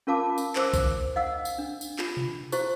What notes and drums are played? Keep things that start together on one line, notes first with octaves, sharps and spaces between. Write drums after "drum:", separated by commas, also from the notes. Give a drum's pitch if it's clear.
C#4 F4 A#4 F5 A5 D6
drum: tambourine
A#4 C5 C6 D6 E6, drum: clap
drum: kick B1, tambourine
D#5 F5 F#5 E6
drum: tambourine
D4
drum: tambourine
F4, drum: clap
drum: tom B2
E4 F#4 C5 C#6, drum: tambourine